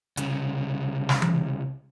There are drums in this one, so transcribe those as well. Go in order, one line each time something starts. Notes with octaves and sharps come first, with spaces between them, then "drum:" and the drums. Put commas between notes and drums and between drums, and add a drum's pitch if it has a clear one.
C2 C#3, drum: hi-hat
drum: snare
drum: tom E3